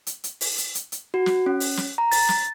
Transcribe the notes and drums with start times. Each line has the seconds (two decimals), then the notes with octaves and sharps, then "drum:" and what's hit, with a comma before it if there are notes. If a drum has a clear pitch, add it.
0.07 drum: hi-hat
0.24 drum: hi-hat
0.41 drum: open hi-hat
0.58 drum: hi-hat
0.75 drum: hi-hat
0.92 drum: hi-hat
1.14 F#4
1.26 drum: snare
1.46 C#4
1.60 drum: open hi-hat
1.77 drum: snare
1.98 A#5
2.11 A6, drum: open hi-hat
2.29 drum: snare